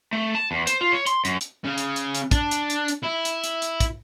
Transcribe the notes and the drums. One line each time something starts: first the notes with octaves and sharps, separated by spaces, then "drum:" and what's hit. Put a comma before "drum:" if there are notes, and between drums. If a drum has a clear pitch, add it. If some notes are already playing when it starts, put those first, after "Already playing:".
A3
A5
E2
C5, drum: hi-hat
F4
C#5
C6, drum: hi-hat
F#2, drum: hi-hat
drum: hi-hat
C#3
drum: hi-hat
drum: hi-hat
drum: hi-hat
D4, drum: kick, hi-hat
drum: hi-hat
drum: hi-hat
drum: hi-hat
E4
drum: hi-hat
drum: hi-hat
drum: hi-hat
drum: kick, hi-hat